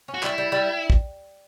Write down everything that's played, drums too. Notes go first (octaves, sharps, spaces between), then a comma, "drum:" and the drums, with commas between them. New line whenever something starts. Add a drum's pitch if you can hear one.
C#4
F#4
G3 E4, drum: clap
G3
G3
drum: kick